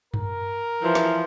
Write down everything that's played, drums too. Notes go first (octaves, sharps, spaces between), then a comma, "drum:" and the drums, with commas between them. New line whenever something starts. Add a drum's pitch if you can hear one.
A#4, drum: tom G2
E3 F3
drum: snare